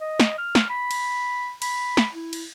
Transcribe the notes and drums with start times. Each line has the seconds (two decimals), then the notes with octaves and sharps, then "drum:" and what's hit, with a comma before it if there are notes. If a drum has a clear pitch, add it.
0.01 D#5
0.20 drum: snare
0.38 F6
0.55 drum: snare
0.70 B5
0.91 drum: cymbal
1.62 B5, drum: cymbal
1.97 drum: snare
2.14 E4
2.33 drum: cymbal